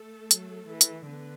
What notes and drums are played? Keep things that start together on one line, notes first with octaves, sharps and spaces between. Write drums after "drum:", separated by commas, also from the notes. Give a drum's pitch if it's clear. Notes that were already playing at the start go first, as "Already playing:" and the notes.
Already playing: A3 A4
F#3, drum: hi-hat
E3
drum: hi-hat
D3 B3 B4